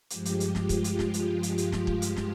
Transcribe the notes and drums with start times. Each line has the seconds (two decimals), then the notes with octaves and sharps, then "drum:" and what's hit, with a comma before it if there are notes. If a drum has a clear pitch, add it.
0.10 G2 F3 G#3 G4, drum: hi-hat
0.25 drum: hi-hat
0.40 drum: hi-hat
0.55 drum: snare
0.69 F4, drum: kick, hi-hat
0.84 drum: hi-hat
0.99 drum: snare
1.14 drum: hi-hat
1.43 drum: hi-hat
1.58 drum: hi-hat
1.72 drum: snare
1.87 drum: kick
2.02 drum: hi-hat
2.17 drum: snare